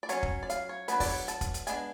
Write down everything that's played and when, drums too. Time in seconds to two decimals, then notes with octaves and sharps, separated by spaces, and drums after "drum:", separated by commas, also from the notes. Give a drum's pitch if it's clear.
0.03 D5
0.09 F#3 C#4 C#5, drum: hi-hat
0.23 drum: kick
0.43 D5
0.50 F5, drum: hi-hat
0.69 C#5
0.88 F#3 B3 D4 B4, drum: hi-hat
1.00 D5, drum: kick, open hi-hat
1.08 C#5
1.28 A5, drum: hi-hat
1.41 drum: kick, hi-hat
1.54 drum: hi-hat
1.67 G#3 B3 D4 G#5, drum: hi-hat